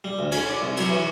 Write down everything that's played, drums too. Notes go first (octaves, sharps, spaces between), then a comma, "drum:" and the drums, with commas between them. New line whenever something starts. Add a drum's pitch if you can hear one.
G3
D2
C#4, drum: cymbal
D5
C2
F#3, drum: cymbal
E3